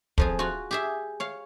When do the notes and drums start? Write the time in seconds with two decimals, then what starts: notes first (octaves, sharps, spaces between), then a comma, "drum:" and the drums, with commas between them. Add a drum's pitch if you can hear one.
0.18 F2 F3 G#4, drum: kick
0.39 F4 F#4
0.71 G4 G#4 E5
1.20 C#5 F5